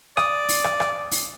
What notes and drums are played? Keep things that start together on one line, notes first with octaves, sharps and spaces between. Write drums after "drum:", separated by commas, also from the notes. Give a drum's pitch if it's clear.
D5 D#6, drum: rim click
drum: open hi-hat
drum: rim click
drum: rim click
drum: open hi-hat